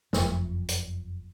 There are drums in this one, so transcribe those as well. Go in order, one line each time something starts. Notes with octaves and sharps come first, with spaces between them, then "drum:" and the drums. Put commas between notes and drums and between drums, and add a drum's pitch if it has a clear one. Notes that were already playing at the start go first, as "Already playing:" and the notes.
F#1 F2, drum: snare
drum: hi-hat